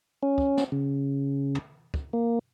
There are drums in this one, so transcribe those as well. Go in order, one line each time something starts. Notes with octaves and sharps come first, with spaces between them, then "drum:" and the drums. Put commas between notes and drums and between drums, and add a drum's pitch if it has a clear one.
C#4
drum: kick
drum: snare
C#3
drum: tom
drum: kick
A#3